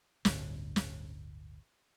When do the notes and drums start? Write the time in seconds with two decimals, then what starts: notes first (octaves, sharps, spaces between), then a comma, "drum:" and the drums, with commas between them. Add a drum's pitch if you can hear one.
0.25 G1 D2 A2 D3, drum: snare
0.76 drum: snare